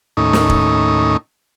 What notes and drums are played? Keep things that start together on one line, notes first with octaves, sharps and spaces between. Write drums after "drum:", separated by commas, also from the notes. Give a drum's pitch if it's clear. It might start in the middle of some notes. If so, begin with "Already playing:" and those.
D#2 A2 C#4 D#4
drum: snare
drum: kick